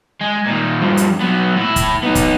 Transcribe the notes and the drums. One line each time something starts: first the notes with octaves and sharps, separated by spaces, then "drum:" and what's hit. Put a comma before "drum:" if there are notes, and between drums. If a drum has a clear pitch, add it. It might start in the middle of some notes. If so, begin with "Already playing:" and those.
G#3
A#2 D#3
G2 F3
drum: hi-hat
F#3 B3
A2 E4
drum: kick, hi-hat
B3 D#4
drum: kick, hi-hat